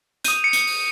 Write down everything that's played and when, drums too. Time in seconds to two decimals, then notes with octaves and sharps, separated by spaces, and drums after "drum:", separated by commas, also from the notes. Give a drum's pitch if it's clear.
0.24 D#6 G6 D#7, drum: hi-hat
0.44 C#7
0.53 drum: hi-hat
0.67 drum: open hi-hat